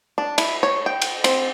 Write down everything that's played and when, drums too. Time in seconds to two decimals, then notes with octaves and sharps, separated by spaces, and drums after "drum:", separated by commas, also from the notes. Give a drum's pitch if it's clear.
0.18 D4
0.38 E4, drum: cymbal
0.63 C#5
0.86 G5
1.02 drum: cymbal
1.24 C4, drum: cymbal